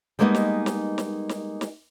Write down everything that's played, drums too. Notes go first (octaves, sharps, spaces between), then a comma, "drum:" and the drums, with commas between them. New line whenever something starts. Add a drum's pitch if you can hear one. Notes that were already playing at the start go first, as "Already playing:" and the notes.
G3 G#3 A#3 B3 D4 D#4
drum: snare
drum: snare
drum: snare
drum: snare
drum: snare